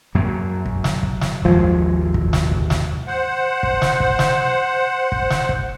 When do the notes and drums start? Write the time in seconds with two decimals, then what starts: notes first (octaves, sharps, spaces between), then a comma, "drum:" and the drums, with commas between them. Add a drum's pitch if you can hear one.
0.15 F#2 F#3 A#3
0.66 drum: kick
0.84 drum: snare
1.03 drum: kick
1.21 drum: snare
1.45 G#1 D#2 F3 G#3
2.14 drum: kick
2.33 drum: snare
2.51 drum: kick
2.70 drum: snare
3.07 C5 F#5
3.63 drum: kick
3.82 drum: snare
4.00 drum: kick
4.19 drum: snare
5.12 drum: kick
5.30 drum: snare
5.49 drum: kick